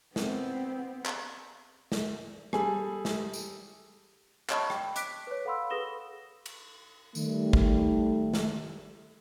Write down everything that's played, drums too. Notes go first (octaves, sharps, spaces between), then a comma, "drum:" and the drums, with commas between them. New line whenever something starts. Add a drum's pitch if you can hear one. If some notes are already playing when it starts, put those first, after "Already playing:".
B3 C4, drum: snare
drum: clap
drum: snare
G3 G#4 A4, drum: rim click
drum: snare
drum: tambourine
C#5 D#5 A5 B5 C#6, drum: clap
G5, drum: rim click
D6 F#6 B6 D7, drum: hi-hat
B4 C#5
A4 F5 F#5 B5 C6 E6
G#4 B4 D#6 A#6 E7 G7
drum: cymbal
D#3 G3 A3, drum: tambourine
drum: kick
drum: snare